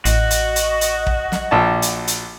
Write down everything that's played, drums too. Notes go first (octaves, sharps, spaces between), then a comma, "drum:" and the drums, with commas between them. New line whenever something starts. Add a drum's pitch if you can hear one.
A1 F#4 D#5, drum: hi-hat
drum: hi-hat
drum: hi-hat
drum: hi-hat
drum: kick
drum: snare
A#1 A5
drum: hi-hat
drum: hi-hat